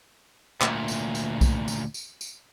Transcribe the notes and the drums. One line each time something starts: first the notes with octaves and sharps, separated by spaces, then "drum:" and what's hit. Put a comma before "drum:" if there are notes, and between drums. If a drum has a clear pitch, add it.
D2 A#2, drum: clap
drum: tambourine
drum: tambourine
drum: kick B1, tambourine
drum: tambourine
drum: tambourine
drum: tambourine